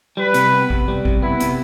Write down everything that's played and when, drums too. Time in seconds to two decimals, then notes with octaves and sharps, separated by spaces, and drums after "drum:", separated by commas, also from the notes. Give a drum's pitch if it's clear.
0.17 G3 B4
0.34 C3, drum: hi-hat
0.52 B3
0.70 C3, drum: kick A1
0.88 G3
1.05 C3, drum: kick A1
1.22 B3 E4
1.40 C3, drum: hi-hat